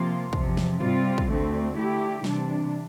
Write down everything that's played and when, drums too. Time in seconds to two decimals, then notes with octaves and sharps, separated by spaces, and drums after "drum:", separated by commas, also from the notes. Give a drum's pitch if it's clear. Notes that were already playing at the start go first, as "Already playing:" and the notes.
Already playing: C3 F3 A#3 F4
0.33 E2 C3 F3, drum: kick
0.57 drum: snare
0.81 C3 G3 C4 F4, drum: tom G2
1.18 drum: kick
1.28 D2 D3 A3 C4
1.76 D3 A3 E4 G4
2.24 C3 E3 G3 D4, drum: snare